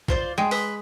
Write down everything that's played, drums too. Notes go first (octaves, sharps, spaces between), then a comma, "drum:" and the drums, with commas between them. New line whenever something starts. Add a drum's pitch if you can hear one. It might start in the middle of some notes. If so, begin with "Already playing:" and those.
F4 C5 D5, drum: kick
G#3 G5
B4 C6 D#6, drum: open hi-hat